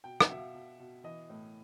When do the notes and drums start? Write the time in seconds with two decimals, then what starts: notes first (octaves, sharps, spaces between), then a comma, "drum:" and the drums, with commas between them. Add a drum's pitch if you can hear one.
0.04 B2 G5
0.20 F#5, drum: rim click
0.28 B2 E5
0.37 F5
0.55 B2
0.79 B2
1.04 E3 D#5
1.30 A2